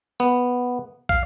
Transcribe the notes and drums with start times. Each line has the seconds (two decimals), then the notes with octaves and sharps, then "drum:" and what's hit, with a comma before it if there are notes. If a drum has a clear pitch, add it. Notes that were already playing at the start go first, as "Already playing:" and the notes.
0.20 B3
1.09 F5, drum: kick